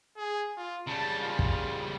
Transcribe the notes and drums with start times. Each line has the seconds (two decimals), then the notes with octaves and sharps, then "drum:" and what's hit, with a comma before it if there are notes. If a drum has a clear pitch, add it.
0.17 G#4
0.57 F4
0.88 C#3 G3 A5
1.22 F4
1.39 drum: kick